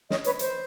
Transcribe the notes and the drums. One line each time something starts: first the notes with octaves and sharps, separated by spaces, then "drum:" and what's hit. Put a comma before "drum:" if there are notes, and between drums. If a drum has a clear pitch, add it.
C#5 D#5, drum: snare
B4 C#5, drum: hi-hat
C5, drum: hi-hat